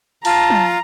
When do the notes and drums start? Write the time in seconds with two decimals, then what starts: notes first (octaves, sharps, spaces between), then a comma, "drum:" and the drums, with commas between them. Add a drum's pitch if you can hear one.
0.25 F4 A5 A#5, drum: open hi-hat
0.50 drum: tom